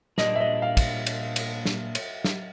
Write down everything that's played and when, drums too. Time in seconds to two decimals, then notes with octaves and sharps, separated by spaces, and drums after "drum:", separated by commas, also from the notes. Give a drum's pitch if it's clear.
0.18 A#2 G3 A#3 D4 D#5, drum: snare
0.35 E5
0.40 D#5
0.62 F5
0.77 drum: kick, cymbal
1.06 drum: cymbal
1.36 drum: cymbal
1.65 drum: snare
1.95 drum: cymbal
2.25 drum: snare